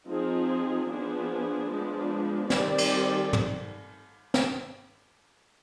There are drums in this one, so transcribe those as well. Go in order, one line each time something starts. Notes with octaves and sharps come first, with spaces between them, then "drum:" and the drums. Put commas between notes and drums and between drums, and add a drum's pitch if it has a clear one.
F3 C4 D#4 G#4
F3 B3 D4 G#4
F3 G#3 B3 D4
D#3 G3 C4 G4 D5, drum: snare
drum: cymbal
drum: tom
drum: snare